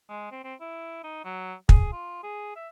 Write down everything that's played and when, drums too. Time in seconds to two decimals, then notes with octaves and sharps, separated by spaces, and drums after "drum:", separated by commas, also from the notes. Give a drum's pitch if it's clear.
0.10 G#3
0.31 C4
0.44 C4
0.61 E4
1.04 D#4
1.25 F#3
1.69 G#4, drum: kick
1.93 F4
2.23 G#4
2.56 E5